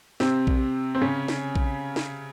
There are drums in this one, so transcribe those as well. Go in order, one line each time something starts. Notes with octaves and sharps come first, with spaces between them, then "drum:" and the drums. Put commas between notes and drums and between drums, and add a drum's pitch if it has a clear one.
C3 C4, drum: snare
drum: kick A#1
C4
C#3 C#4
drum: snare
drum: kick A#1
drum: snare